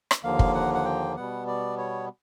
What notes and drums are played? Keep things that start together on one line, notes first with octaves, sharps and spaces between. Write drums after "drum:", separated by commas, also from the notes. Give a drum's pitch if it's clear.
drum: rim click
D#2 D3 F3 A#3 F5
drum: kick
F#5
F#5
G5
B2 G3 B3 F#5
D5
C#5